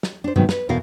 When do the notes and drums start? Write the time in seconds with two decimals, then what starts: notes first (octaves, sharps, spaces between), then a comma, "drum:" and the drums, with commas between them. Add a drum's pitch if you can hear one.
0.03 drum: snare
0.24 D4 C5
0.36 G#2 C3 D#3 F#3 B3
0.49 B4, drum: snare
0.69 E2 B2 A#4 F5